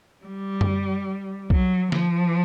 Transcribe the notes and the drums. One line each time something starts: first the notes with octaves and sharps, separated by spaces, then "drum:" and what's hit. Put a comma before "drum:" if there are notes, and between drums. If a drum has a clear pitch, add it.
G3
drum: tom F#2
F#3, drum: kick B1
F3, drum: snare D3